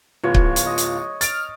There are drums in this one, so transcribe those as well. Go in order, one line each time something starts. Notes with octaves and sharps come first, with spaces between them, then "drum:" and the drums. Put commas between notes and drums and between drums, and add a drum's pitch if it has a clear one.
D1 B3 F4 C#5
drum: kick C#1
drum: hi-hat
D#5
drum: hi-hat
F6 A6 D7, drum: hi-hat